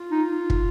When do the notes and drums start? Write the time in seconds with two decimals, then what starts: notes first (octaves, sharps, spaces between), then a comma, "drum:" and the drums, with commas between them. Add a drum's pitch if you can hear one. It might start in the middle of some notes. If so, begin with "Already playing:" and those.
Already playing: F4
0.11 D#4
0.50 drum: kick